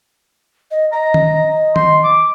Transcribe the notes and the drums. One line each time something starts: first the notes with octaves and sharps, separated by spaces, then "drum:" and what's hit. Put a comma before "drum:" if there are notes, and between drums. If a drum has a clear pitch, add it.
D#5
D#5 A#5
drum: tom D#3
C6, drum: tom D#3
D6